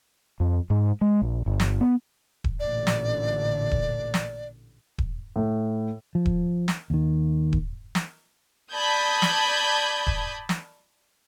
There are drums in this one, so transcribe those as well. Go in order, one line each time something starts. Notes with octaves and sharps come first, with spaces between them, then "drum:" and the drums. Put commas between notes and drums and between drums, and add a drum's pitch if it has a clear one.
F2
G#2
G#3
A#1
G1
drum: snare
B3
drum: kick D#1
A1 A#2 D3 D5
drum: snare
drum: kick D#1
drum: snare
drum: kick D#1
A2
F3
drum: kick D#1
drum: snare
D#2 D#3
drum: kick D#1
drum: snare
D5 A5 B5 D#6 G6 G#6
drum: snare
drum: kick D#1
drum: snare